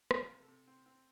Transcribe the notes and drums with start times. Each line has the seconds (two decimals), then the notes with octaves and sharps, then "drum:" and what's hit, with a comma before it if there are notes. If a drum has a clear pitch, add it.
0.11 F3, drum: rim click
0.17 A#4
0.29 C3
0.42 A4
0.48 C3
0.67 C4
0.86 C4